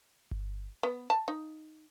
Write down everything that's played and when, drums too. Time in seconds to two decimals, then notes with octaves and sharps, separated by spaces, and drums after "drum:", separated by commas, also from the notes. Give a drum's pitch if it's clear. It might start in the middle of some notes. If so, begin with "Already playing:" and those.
0.31 drum: kick G1
0.83 B3
1.10 A5
1.28 D#4